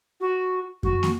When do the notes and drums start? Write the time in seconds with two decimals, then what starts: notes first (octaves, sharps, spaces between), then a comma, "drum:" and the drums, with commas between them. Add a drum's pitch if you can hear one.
0.21 F#4
0.83 F#4, drum: kick F#2
1.03 drum: snare